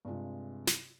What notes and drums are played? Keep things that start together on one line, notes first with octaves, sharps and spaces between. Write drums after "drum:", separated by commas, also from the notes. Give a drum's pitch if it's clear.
G2 C3 G#3 F4
drum: snare